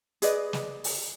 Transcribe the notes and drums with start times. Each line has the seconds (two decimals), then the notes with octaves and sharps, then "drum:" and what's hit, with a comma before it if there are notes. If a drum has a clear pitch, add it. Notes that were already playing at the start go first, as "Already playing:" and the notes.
0.22 G#4 B4 D5 D#5, drum: hi-hat
0.53 drum: snare
0.84 drum: open hi-hat